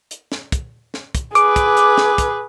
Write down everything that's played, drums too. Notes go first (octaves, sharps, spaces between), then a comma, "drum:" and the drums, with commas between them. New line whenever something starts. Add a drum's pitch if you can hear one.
drum: hi-hat
drum: snare
drum: kick, hi-hat
drum: snare
drum: kick, hi-hat
G#4 B4 D6, drum: hi-hat
drum: kick, hi-hat
drum: hi-hat
drum: snare
drum: kick, hi-hat